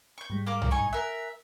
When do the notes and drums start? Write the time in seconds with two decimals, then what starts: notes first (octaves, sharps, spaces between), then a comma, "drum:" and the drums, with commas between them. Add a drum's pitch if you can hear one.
0.18 C#6 G6
0.30 G#2 G3 G#3
0.46 A#3 D6 F6
0.62 drum: tom
0.71 D#4 G#5 C#6
0.93 A#4 E5 G#5 F#6